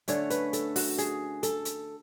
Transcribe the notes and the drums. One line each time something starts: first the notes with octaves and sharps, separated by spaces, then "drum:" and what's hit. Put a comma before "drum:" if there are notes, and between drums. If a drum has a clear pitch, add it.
D3 A3 C#4 C#5, drum: hi-hat
B4, drum: hi-hat
A4, drum: hi-hat
F#4, drum: open hi-hat
G#4, drum: hi-hat
A4, drum: hi-hat
drum: hi-hat